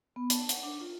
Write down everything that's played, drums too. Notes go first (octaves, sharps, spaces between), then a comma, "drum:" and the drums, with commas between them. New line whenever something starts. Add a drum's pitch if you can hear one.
B3
A5, drum: hi-hat
F#5, drum: hi-hat
D4
F4